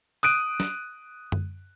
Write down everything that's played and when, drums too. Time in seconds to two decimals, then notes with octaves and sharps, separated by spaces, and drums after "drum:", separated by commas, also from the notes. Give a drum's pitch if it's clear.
0.23 D#6 F#6 D7 D#7, drum: open hi-hat
0.60 drum: snare
1.32 drum: tom F#2